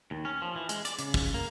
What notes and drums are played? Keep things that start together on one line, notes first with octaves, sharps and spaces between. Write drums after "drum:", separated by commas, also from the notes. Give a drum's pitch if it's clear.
D#2
C#4
F3
E3
G#3, drum: hi-hat
D5, drum: hi-hat
C#3, drum: hi-hat
drum: kick, open hi-hat
A#3